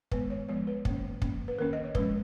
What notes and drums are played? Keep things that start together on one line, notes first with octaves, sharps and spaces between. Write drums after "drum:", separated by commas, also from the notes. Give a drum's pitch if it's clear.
D#3 G#3 B3 B4, drum: kick
C#5
F3 G#3 B3 C#5
B4
D#3 A#3 C#4, drum: kick
F3 A#3 C#4, drum: kick
B4
D#3 A#3 C#4 A#4
D#5
C#5
F3 G#3 C#4 B4, drum: kick